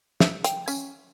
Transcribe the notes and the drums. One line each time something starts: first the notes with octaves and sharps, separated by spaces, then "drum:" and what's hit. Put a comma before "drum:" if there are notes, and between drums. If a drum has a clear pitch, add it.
E5, drum: snare
G5, drum: hi-hat
C#4, drum: tambourine